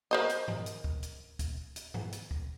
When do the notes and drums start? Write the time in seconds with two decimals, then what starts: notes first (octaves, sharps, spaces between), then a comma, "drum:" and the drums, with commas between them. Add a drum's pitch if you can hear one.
0.11 A#4 C5 D#5
0.29 drum: hi-hat
0.48 drum: tom G2
0.66 drum: hi-hat
0.84 drum: kick
1.03 drum: hi-hat
1.39 drum: kick, hi-hat
1.76 drum: hi-hat
1.94 drum: tom G2
2.13 drum: hi-hat
2.31 drum: kick